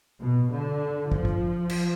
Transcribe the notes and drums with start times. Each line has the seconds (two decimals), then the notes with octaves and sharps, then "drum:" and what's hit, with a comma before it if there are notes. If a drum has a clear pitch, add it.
0.22 B2
0.51 D3
1.12 F3, drum: kick
1.25 drum: kick
1.70 drum: cymbal